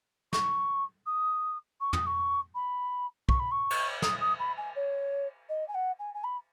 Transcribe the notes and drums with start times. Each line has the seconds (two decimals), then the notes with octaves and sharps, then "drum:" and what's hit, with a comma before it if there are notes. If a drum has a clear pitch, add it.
0.33 C#6, drum: snare
1.06 D#6
1.81 C#6
1.93 D#6, drum: tom
2.07 C#6
2.55 B5
3.29 C#6, drum: kick
3.40 B5
3.51 C#6
3.70 drum: cymbal
4.02 D#6, drum: snare
4.21 D#6
4.39 B5
4.58 G#5
4.76 C#5
5.49 D#5
5.68 G#5
5.75 F#5
5.99 G#5
6.14 G#5
6.24 B5